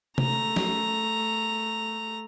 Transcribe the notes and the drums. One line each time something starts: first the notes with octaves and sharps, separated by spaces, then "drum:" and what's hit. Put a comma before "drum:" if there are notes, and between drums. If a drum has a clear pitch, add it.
A3 A#5, drum: tom C3
drum: snare